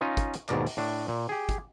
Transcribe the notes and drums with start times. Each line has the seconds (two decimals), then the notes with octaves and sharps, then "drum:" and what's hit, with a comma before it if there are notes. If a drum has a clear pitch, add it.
0.01 C#4 D#4 F4 D#5 F5
0.17 drum: kick, hi-hat
0.34 drum: hi-hat
0.49 D#2 G#2 B2 A#4 D5, drum: clap
0.67 drum: open hi-hat
0.77 A2 D4
1.08 A#2
1.29 G4 G#4
1.49 drum: kick, hi-hat